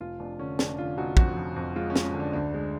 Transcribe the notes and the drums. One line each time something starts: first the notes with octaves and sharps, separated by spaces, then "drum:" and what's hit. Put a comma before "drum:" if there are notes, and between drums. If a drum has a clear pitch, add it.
F1 F4
F1 D4
D3 C#4
F1 D4, drum: snare
D3 F4
F1 F#4
F2 F#4, drum: kick
F2
F2
G#3 F4
C#4
G#3, drum: snare
D3
D4
D2 D4
G#3